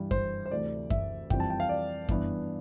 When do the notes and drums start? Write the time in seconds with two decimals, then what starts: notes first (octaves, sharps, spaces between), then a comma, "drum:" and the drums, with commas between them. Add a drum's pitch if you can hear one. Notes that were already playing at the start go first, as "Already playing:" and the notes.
Already playing: G2 E3 G3
0.11 C5, drum: kick F#2
0.46 C5
0.51 D2 C3 E3 A3 D5
0.90 E5, drum: kick F#2
1.30 F2 E3 G3 C4 G5, drum: kick F#2
1.40 A5
1.50 G5
1.60 F5
1.69 D5
2.09 G2 E3 B3 D4, drum: kick F#2